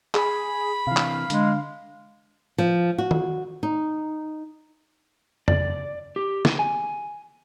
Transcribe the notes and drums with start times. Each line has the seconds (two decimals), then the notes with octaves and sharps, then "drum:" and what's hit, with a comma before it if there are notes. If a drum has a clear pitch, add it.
0.15 G#4 B5, drum: clap
0.87 C3 E3 F5
0.97 drum: clap
1.30 D3 G#3, drum: hi-hat
2.58 F3
2.98 F#4
3.11 drum: tom
3.63 D#4
5.48 D5, drum: tom F2
6.16 G4
6.45 drum: snare
6.59 G#5